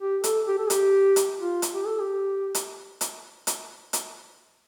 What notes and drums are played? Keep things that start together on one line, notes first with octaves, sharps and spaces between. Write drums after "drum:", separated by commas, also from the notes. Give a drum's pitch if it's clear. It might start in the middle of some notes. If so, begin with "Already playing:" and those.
G4
A4, drum: hi-hat
G4
A4
G4, drum: hi-hat
drum: hi-hat
F4
drum: hi-hat
G4
A4
G4
drum: hi-hat
drum: hi-hat
drum: hi-hat
drum: hi-hat